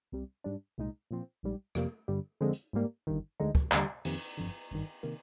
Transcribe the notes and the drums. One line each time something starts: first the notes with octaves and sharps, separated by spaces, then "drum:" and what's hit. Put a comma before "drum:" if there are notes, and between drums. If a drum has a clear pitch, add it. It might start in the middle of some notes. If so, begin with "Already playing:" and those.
C2 C3 G3
G#2 G3 D4
C2 A#2 G#3 D#4
A#2 F3 C4
A#1 G#2 G3
F2 C3 G3 A#3, drum: rim click
G1 G2 D3 G3
F2 D3 G#3 C4
drum: hi-hat
G#2 G3 A#3
G1 G2 D#3
D2 D3 G#3 D#4
drum: kick
D#2 D3 G3, drum: clap
F2 C3 D#3 A#3, drum: cymbal
G1 F2 D3
G#1 G2 D#3
C3 D#3 A#3